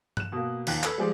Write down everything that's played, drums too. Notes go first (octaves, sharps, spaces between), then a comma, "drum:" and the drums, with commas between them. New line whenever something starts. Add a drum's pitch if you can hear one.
F#6 E7, drum: tom G2
B2 A#3
D#2 F4 G5 F#6, drum: cymbal
A4 B4 G#5 E6 G#6, drum: clap
F3 G3 G#3 G#4 C5 D5